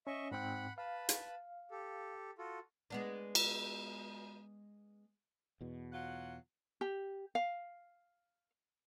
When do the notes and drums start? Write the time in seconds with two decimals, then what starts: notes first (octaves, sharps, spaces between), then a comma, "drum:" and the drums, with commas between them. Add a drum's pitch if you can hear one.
0.07 C#4 D#5 E5 C#6
0.32 G#2 C4 F#5 G5 B5
0.78 B4 F5 A5 B5
1.09 drum: hi-hat
1.71 G4 A4
2.38 F4 F#4 A4
2.90 G#3 B3 D4
3.35 drum: cymbal
5.61 E2 B2
5.93 F#3 F4 F#5
6.81 G4
7.35 F5